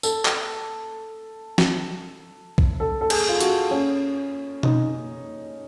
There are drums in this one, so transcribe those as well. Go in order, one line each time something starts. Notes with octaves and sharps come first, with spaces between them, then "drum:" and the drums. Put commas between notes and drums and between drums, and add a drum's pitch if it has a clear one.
A4, drum: tambourine
drum: clap
drum: snare
drum: kick B1
A4
A4
G#4, drum: cymbal
F4
F#4, drum: hi-hat
C#4
D#4, drum: tom B2